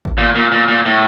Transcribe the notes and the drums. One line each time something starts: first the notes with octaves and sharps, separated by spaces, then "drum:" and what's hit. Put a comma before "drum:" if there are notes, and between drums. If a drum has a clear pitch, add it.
drum: kick G#1
A#2
A#2
A#2
A#2
A2